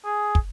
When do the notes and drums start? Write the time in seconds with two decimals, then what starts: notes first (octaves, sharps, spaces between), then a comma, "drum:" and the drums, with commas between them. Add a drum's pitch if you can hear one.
0.05 G#4
0.35 drum: kick